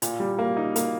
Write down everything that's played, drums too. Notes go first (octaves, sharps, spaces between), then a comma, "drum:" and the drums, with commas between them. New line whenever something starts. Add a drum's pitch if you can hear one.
A#2, drum: hi-hat
G3
A#3
D#4
A#3, drum: hi-hat